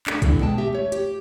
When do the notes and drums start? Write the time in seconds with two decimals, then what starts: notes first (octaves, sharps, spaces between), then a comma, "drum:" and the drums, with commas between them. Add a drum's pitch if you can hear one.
0.07 A3 D4, drum: clap
0.22 G2 D3 E3 B3, drum: kick, hi-hat
0.40 B2 G#3 G5 A5
0.58 G4 E5
0.73 A3 C#5
0.92 G4, drum: hi-hat